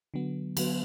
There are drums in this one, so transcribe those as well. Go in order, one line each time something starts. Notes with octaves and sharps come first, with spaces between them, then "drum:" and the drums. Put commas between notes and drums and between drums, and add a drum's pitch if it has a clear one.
D3 F#3 B3
D3 F#3 B3, drum: cymbal